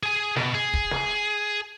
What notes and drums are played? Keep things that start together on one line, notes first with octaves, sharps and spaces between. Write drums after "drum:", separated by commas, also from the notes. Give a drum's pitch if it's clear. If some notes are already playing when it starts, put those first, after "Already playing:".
G#4 G#5
B2, drum: snare
G#4
drum: kick
drum: snare